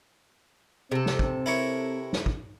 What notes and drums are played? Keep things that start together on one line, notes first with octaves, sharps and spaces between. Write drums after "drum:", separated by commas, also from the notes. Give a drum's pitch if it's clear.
C3 C4 A4
drum: snare
drum: kick
E4 A#4 C#5
drum: snare
drum: kick